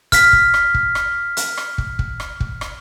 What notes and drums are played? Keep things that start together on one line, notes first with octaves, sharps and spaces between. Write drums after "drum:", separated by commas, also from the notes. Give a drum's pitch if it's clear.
F6 B6, drum: kick, hi-hat
drum: kick
drum: rim click
drum: kick
drum: rim click
drum: hi-hat
drum: rim click
drum: kick
drum: kick
drum: rim click
drum: kick
drum: rim click